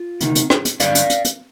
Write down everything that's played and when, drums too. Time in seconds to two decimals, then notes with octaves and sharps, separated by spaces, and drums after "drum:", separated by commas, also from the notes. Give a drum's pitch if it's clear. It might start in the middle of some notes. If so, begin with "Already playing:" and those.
Already playing: F4
0.21 D2 C3 D#3, drum: hi-hat
0.35 drum: hi-hat
0.50 drum: rim click
0.65 drum: hi-hat
0.80 G2 D3 D5 F5, drum: hi-hat
0.95 drum: hi-hat
1.10 drum: hi-hat
1.25 drum: hi-hat